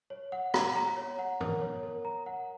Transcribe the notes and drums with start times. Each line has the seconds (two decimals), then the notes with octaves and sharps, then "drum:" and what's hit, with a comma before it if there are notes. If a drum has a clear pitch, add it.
0.10 C#5
0.32 F#5
0.54 A#5, drum: rim click
0.75 A#5
0.97 C#5
1.19 F#5
1.40 A#4, drum: tom G#2
1.61 C#5
1.83 A#4
2.05 A#5
2.26 F#5